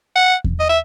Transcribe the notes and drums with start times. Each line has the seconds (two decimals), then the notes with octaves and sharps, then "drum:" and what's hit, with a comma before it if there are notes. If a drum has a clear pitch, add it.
0.16 F#5
0.44 drum: kick E2
0.60 D#5
0.69 E5